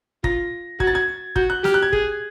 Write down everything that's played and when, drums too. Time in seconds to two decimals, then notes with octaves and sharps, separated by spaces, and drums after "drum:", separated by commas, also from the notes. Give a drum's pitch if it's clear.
0.24 F4 A#6, drum: kick
0.80 F#4 G#6, drum: kick
0.87 A6
0.95 G#6
1.36 F#4 G6, drum: kick
1.50 F#6
1.64 G4 F6, drum: snare
1.74 F#6
1.82 G#6
1.93 G#4, drum: kick